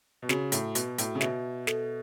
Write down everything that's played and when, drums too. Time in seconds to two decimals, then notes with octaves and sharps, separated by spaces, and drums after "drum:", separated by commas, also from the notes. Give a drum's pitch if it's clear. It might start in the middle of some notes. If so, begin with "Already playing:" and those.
0.22 B2
0.29 C#3 F#4, drum: snare
0.52 A2, drum: hi-hat
0.75 B2 F#4, drum: hi-hat
0.98 A2, drum: hi-hat
1.15 C#3
1.21 B2 E5, drum: snare
1.67 A4, drum: snare